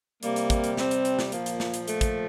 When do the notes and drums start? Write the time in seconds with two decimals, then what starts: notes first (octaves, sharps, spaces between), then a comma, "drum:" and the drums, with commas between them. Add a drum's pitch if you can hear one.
0.23 C3 G3 A#3, drum: hi-hat
0.36 drum: hi-hat
0.50 drum: kick, hi-hat
0.64 drum: hi-hat
0.77 C4, drum: snare
0.91 drum: hi-hat
1.05 drum: hi-hat
1.19 drum: snare
1.32 A#2 F3 A#3, drum: hi-hat
1.46 drum: hi-hat
1.60 drum: snare
1.74 drum: hi-hat
1.88 A3, drum: hi-hat
2.01 drum: kick, hi-hat